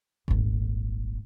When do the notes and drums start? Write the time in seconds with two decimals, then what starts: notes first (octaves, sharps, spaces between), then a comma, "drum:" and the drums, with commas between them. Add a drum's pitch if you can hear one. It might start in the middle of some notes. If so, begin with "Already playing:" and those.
0.28 D#1 G#1, drum: kick F#1